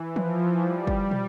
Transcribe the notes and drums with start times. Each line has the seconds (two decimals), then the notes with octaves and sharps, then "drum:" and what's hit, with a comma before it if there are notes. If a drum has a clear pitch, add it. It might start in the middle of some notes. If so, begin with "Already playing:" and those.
Already playing: E3
0.16 F3, drum: tom E3
0.63 G3
0.87 drum: kick
1.11 drum: tom